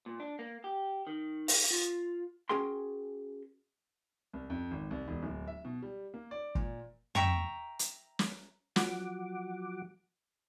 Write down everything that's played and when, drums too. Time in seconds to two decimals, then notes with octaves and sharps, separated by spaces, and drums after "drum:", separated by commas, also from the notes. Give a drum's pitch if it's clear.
0.06 A#2
0.20 D4
0.39 A#3
0.64 G4
1.07 D#3
1.48 F5, drum: open hi-hat
1.71 F4
2.49 C#4 F#4 G#4 A#4 G5 C6
4.33 C2
4.50 F2
4.71 G#1
4.91 C2
5.08 E1
5.23 D1
5.48 E5
5.65 B2
5.82 G3
6.14 A#3
6.31 D5
6.55 A#2, drum: kick
7.15 E5 G5 A#5 C#6, drum: tom
7.79 drum: hi-hat
8.19 drum: snare
8.76 F3 F#3 F#4 F#5 D6, drum: snare